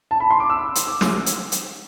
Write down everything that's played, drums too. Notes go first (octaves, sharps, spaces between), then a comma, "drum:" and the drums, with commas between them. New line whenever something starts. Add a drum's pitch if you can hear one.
A5
B5
C6
D6
E6
drum: hi-hat
D6
drum: snare
drum: hi-hat
drum: hi-hat